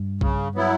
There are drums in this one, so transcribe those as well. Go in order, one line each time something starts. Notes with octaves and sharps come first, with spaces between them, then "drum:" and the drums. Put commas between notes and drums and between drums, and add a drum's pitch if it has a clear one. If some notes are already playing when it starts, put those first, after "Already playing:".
Already playing: G2
C#3, drum: kick B1
F#3 B3 E4